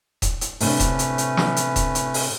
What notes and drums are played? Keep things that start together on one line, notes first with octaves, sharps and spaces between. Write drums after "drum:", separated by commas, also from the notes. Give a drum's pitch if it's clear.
drum: kick D#1, hi-hat
drum: hi-hat
A2 C3 A3 C#4 D4 B4, drum: open hi-hat
drum: kick D#1, hi-hat
drum: hi-hat
drum: hi-hat
drum: snare
drum: hi-hat
drum: kick D#1, hi-hat
drum: hi-hat
drum: open hi-hat